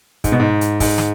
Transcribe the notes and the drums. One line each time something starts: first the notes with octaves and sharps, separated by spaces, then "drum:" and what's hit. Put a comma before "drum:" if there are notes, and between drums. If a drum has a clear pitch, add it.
G#2, drum: kick, hi-hat
B2
G#2
drum: hi-hat
G#2, drum: kick, open hi-hat
drum: snare